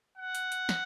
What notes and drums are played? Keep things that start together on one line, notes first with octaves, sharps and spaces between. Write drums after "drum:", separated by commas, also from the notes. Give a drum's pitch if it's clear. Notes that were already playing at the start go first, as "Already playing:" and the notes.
F#5
drum: hi-hat
drum: hi-hat
drum: snare